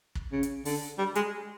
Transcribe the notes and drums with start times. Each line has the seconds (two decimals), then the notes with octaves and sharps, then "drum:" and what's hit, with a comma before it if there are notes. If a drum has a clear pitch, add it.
0.15 drum: kick
0.32 C#3
0.43 drum: hi-hat
0.65 D3, drum: open hi-hat
0.98 G3
1.15 G#3, drum: hi-hat